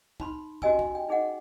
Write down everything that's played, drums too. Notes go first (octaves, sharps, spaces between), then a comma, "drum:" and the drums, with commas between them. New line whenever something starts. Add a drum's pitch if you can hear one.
D#4 B5 C6, drum: kick
C#4 F#4 G4 D#5 G#5 E6, drum: kick
drum: kick
G5
D#4 G#4 D#5 F#5